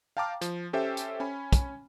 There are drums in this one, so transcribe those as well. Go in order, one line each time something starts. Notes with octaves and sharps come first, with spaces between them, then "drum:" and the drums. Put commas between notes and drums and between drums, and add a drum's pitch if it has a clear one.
F5 G5 A5 A#5 D6 F6
F3, drum: hi-hat
C#4 G4 A4 C5 E5 G5
drum: hi-hat
C#4 G#5 B5
drum: kick, hi-hat